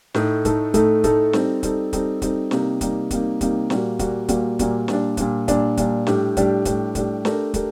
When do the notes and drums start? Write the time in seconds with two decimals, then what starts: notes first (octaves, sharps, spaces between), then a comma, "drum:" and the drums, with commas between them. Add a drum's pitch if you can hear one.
0.14 A2 A3 D#4 A4, drum: snare
0.45 A2 A3 D#4 A4, drum: kick, hi-hat
0.74 A2 A3 D#4 A4, drum: kick, hi-hat
1.04 A2 A3 D#4 A4, drum: kick, hi-hat
1.33 G3 C4 D#4 A4, drum: snare
1.63 G3 C4 D#4 A4, drum: kick, hi-hat
1.93 G3 C4 D#4 A4, drum: kick, hi-hat
2.22 G3 C4 D#4 A4, drum: kick, hi-hat
2.51 C3 G3 A#3 D#4, drum: snare
2.81 C3 G3 A#3 D#4, drum: kick, hi-hat
3.11 C3 G3 A#3 D#4, drum: kick, hi-hat
3.41 C3 G3 A#3 D#4, drum: kick, hi-hat
3.70 A#2 G3 A#3 F#4, drum: snare
3.99 A#2 G3 A#3 F#4, drum: kick, hi-hat
4.28 A#2 G3 A#3 F#4, drum: kick, hi-hat
4.59 A#2 G3 A#3 F#4, drum: kick, hi-hat
4.88 A#2 G3 D4, drum: snare
5.17 A#2 G3 D4, drum: kick, hi-hat
5.48 A#2 G3 D4, drum: kick, hi-hat
5.77 A#2 G3 D4, drum: kick, hi-hat
6.07 A2 G3 D4 G4, drum: snare
6.37 A2 G3 D4 G4, drum: kick, hi-hat
6.65 A2 G3 D4 G4, drum: kick, hi-hat
6.95 A2 G3 D4 G4, drum: kick, hi-hat
7.25 A3 D4 G4 A#4, drum: snare
7.54 A3 D4 G4 A#4, drum: kick, hi-hat